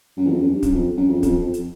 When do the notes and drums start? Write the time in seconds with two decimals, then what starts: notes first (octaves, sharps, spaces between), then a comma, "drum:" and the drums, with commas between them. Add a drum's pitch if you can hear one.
0.17 F#2
0.25 E2
0.28 F2
0.39 F#2
0.51 G2
0.63 F#2, drum: kick, hi-hat
0.74 F2
0.97 F#2
1.08 F2
1.19 F#2
1.23 F2, drum: kick, hi-hat
1.38 F2
1.54 drum: hi-hat